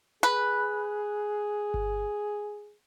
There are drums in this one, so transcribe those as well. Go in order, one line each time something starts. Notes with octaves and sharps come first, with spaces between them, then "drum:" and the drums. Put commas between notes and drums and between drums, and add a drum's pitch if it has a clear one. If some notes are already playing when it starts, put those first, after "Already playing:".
G#4 B4
drum: kick G1